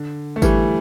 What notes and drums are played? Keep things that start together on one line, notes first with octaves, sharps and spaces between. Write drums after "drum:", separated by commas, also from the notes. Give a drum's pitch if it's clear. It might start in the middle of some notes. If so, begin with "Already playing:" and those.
Already playing: D3
A3
E3 G3, drum: kick G#1, tambourine